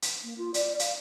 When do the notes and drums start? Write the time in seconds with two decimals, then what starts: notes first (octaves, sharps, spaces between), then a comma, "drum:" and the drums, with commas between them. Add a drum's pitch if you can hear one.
0.02 drum: hi-hat
0.23 A#3
0.38 F4
0.54 D5, drum: hi-hat
0.79 F5, drum: hi-hat